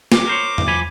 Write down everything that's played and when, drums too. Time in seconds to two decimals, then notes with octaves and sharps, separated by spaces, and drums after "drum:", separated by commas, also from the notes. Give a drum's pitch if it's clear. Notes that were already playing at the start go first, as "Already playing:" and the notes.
0.12 D6, drum: snare
0.27 A#4 C5 C#5
0.58 drum: tom E2
0.67 F3 G#5 B5